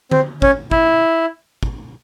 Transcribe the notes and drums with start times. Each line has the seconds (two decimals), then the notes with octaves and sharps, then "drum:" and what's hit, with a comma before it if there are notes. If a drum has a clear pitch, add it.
0.11 C4, drum: tom D3
0.42 C#4, drum: kick
0.71 E4, drum: kick
1.63 drum: kick